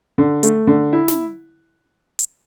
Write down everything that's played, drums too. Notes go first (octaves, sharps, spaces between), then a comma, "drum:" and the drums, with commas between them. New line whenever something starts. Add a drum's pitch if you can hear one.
D3
A3, drum: hi-hat
D3
E4
drum: snare
drum: hi-hat